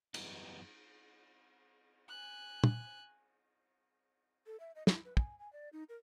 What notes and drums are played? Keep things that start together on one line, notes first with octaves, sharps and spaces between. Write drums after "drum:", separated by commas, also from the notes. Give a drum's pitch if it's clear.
F#2 E3 G3 B3 D#4, drum: cymbal
G#5 F#6
drum: tom
A4
E5
D#5
E4, drum: snare
B4
G#5, drum: kick
G#5
D5
D#4
A#4